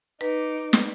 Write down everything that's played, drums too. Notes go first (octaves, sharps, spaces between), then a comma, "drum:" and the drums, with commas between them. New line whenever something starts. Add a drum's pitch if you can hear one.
D#4 B4 D6
drum: snare